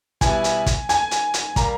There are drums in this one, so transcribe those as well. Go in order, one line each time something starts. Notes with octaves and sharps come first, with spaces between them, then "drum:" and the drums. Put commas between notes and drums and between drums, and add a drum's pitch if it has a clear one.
B2 G3 B3 E4 G#5, drum: kick, hi-hat
drum: hi-hat
drum: kick, hi-hat
G#5, drum: hi-hat
drum: hi-hat
drum: hi-hat
G3 A#3 A#5, drum: kick, hi-hat